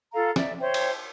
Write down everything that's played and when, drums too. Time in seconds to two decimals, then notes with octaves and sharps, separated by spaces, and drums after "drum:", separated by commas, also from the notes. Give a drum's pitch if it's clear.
0.13 F4 A4 F5 A#5
0.36 D5 E5, drum: snare
0.60 C5 C#5 E5 G5
0.74 drum: cymbal